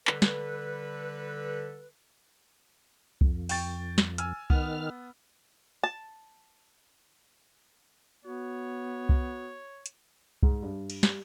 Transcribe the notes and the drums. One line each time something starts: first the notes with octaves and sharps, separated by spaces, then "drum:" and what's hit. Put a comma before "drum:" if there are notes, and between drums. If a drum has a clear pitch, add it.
D3 G3 A4 B4, drum: clap
drum: snare
F2, drum: kick C2
G5 C#6 A6, drum: open hi-hat
drum: snare
G#5 E6 F6, drum: hi-hat
D#3 B3 F6, drum: kick C2
A5
B3 F#4 C#5
drum: kick C2
drum: hi-hat
G#2, drum: kick C2
G2
drum: cymbal
G3, drum: snare